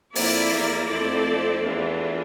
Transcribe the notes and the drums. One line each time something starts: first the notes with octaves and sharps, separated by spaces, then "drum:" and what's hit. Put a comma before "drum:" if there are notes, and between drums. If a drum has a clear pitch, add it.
F2 A#3 E4 A#4 D5, drum: open hi-hat
E2
F2 A3 C4 E4 A4 D5
E2 E3 A3 D4 F4